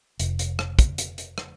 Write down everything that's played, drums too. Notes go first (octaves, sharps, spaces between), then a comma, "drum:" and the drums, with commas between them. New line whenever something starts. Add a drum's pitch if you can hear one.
F1, drum: hi-hat
drum: hi-hat
drum: rim click
drum: kick, hi-hat
drum: hi-hat
drum: hi-hat
drum: rim click